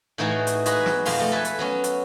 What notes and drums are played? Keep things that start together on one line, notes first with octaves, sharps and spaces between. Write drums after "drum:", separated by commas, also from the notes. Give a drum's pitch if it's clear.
A2 E3 D#4 F#4 G#4 A4
drum: hi-hat
G#3 F#4 B4 D#5, drum: hi-hat
drum: snare
F2 B2 F5 C6, drum: open hi-hat
A3
A4 B4 E5 G#5
drum: hi-hat
F#3 B3 C#4
drum: hi-hat